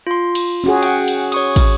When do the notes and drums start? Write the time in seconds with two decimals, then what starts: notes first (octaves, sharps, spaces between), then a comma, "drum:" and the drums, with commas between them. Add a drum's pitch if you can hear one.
0.07 F4 C6
0.35 drum: cymbal
0.64 C#4 F#4 G#4
0.82 F#5 G5, drum: cymbal
1.08 drum: cymbal
1.32 C#5 C#6 D#6, drum: cymbal
1.56 drum: kick, cymbal